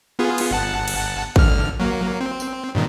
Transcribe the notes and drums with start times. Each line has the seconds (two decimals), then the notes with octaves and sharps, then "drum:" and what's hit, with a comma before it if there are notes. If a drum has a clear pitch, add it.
0.19 B3 F4 G#4
0.38 drum: cymbal
0.51 G1 F#5 A5
0.88 drum: cymbal
1.36 G#1 D3 F6, drum: kick A1
1.80 F#3 A#3
2.21 C4
2.40 drum: tambourine
2.75 G2 A#2 D#3